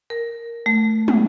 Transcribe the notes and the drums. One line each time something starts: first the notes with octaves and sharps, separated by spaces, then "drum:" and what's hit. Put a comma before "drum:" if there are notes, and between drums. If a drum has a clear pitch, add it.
A#4
A3
drum: tom